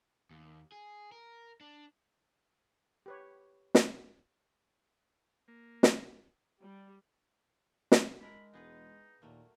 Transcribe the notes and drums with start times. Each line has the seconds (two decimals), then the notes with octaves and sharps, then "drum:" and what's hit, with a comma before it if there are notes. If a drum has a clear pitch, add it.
0.31 D#2
0.72 G#4
1.12 A#4
1.61 D4
3.06 G4 B4 C#5
3.75 drum: snare
5.48 A#3
5.83 drum: snare
6.61 G3
7.92 drum: snare
8.21 G#3 D4 E4 A#4 B5
8.53 E1 B3 D#4 G#4 B4
9.22 D#2 A#2 F#3 A3 A#3